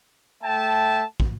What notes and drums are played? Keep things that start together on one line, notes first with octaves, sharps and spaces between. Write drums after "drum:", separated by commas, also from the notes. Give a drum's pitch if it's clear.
A3 E5 G5 A5
drum: kick